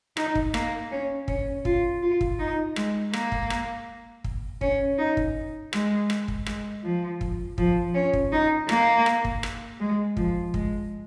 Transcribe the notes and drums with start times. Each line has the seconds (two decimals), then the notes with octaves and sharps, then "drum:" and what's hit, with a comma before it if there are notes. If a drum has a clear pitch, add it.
0.17 D#4, drum: rim click
0.35 drum: kick
0.54 A#3, drum: rim click
0.91 C#4
1.28 C#4, drum: kick
1.65 F4, drum: kick
2.02 F4
2.21 drum: kick
2.39 D#4
2.76 G#3, drum: rim click
3.13 A#3, drum: rim click
3.32 drum: kick
3.50 drum: rim click
4.24 drum: kick
4.61 C#4, drum: kick
4.98 D#4
5.17 drum: kick
5.73 G#3, drum: rim click
6.10 drum: rim click
6.28 drum: kick
6.46 G#3, drum: rim click
6.84 F3
7.21 drum: kick
7.58 F3, drum: kick
7.95 C#4
8.13 drum: kick
8.32 D#4
8.69 A#3, drum: rim click
9.06 drum: rim click
9.25 drum: kick
9.43 drum: rim click
9.80 G#3
10.17 F3, drum: kick
10.54 G#3, drum: kick